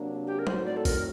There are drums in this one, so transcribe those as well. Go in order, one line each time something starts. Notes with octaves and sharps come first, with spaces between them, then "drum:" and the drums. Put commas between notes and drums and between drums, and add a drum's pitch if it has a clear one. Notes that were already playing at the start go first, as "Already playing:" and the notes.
Already playing: C3 F#3 A#3 D4
G4
A#4
A2 F#3 C4 D#4 F#4 C5, drum: tom
D5
A4
A#4, drum: kick, open hi-hat